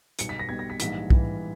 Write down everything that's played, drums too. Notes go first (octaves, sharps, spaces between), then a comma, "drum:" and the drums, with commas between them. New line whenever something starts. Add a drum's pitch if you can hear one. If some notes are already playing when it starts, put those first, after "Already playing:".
B1 B2 G3 C#7, drum: hi-hat
B6
A#6
B1 B2 G3 G#6
A#6
B6
A#1 G#2 E3 G3 B6, drum: hi-hat
A#1 G#2 E3 G3, drum: kick